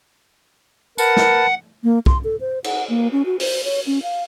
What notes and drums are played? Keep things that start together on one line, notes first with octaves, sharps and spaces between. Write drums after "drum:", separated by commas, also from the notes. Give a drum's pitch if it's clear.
A#4 B4 F#5 A5, drum: tambourine
drum: snare
A#3
C6, drum: kick
A4
C5
F#5, drum: cymbal
A#3
C#4
F#4
C5, drum: open hi-hat
C#5
C#4
F5